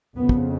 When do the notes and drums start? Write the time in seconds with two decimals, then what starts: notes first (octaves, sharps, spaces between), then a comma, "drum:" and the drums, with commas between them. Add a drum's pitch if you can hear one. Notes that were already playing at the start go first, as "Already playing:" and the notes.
0.17 F2 C#3 B3
0.29 drum: kick